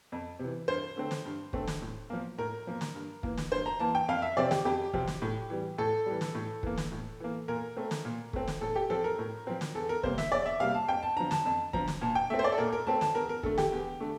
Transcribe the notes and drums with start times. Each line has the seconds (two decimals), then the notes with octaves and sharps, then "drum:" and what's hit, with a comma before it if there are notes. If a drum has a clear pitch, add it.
0.12 F2
0.39 C3 E3
0.68 G2 C5
0.97 D3 A3 C4
1.11 drum: snare
1.25 G2
1.53 D3 A3 C4, drum: kick
1.67 drum: snare
1.82 A2
2.10 F3 A#3
2.38 A2 A#4
2.67 F3 A#3
2.81 drum: snare
2.95 G2
3.23 E3 A#3, drum: kick
3.37 drum: snare
3.51 G2 C5
3.66 A#5
3.80 E3 A#3 A5
3.95 G5
4.08 F2 F5
4.22 E5
4.36 C3 F3 C4 D5
4.51 G4, drum: snare
4.65 F2 G4
4.93 C3 F3 C4, drum: kick
5.07 drum: snare
5.22 A2
5.50 E3 G3
5.78 A2 A4
6.06 E3 G3
6.21 drum: snare
6.35 A2
6.63 E3 A#3, drum: kick
6.78 drum: snare
6.92 A2
7.20 E3 A#3
7.48 A#2 A#4
7.77 A3 C4
7.91 drum: snare
8.05 A#2
8.33 A3 C4, drum: kick
8.48 drum: snare
8.61 A2 A4
8.76 G4
8.90 F3 C4 A4
9.04 A#4
9.19 A2
9.47 F3 C4
9.61 drum: snare
9.75 E2 A4
9.89 A#4
10.03 C3 G3 A#3 C5, drum: kick
10.18 E5, drum: snare
10.32 E2 D5
10.46 E5
10.60 C3 G3 A#3 F5
10.74 A5
10.88 F2 G5
11.03 A5
11.17 D3 F3 A#5
11.31 A5, drum: snare
11.45 F2 A5
11.73 D3 F3 A#5, drum: kick
11.88 drum: snare
12.01 A#2 A5
12.15 G5
12.30 A3 C4 E5
12.39 C5
12.44 D5
12.52 A4
12.58 A#2 A#4
12.73 A#4
12.87 A3 C4 A5
13.01 A5, drum: snare
13.15 E2 A#4
13.29 A#4
13.43 D3 A3 A4, drum: kick
13.58 G4, drum: snare
13.72 E2
14.00 D3 A3